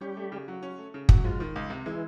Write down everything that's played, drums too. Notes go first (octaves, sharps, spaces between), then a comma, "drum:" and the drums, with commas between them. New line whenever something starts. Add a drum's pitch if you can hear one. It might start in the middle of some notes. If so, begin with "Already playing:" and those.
G3 C#4 G4
A3
C#3
F#3
C#4
A3
C#3
F#3, drum: kick
F3 G#3 F4
D#3
C#2
C3
E3 G#3 E4